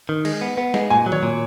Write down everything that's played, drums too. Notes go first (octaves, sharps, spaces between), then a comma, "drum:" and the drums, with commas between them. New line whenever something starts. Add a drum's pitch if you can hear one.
D#3
G#3, drum: cymbal
B3
B3
G#3, drum: snare
A#2 G#5
F#3
C#5, drum: tom D#3
A#2